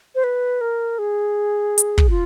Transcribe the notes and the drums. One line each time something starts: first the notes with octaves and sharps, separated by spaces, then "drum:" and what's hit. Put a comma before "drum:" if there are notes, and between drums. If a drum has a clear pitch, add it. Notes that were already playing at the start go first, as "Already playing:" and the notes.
C5
B4
A#4
G#4
drum: hi-hat
drum: kick
F4